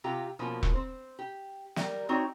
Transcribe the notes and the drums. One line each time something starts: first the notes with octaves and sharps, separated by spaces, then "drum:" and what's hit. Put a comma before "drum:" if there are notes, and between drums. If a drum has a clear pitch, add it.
C3 F4 G4 A#5
B2 F3 A#3 C#4
drum: kick E1
C4 C5
G4
G3 A#4, drum: snare
C4 D#4 F#4 C#5 D5